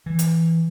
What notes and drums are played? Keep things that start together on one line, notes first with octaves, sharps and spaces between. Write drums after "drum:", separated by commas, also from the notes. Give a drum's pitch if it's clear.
E3
drum: hi-hat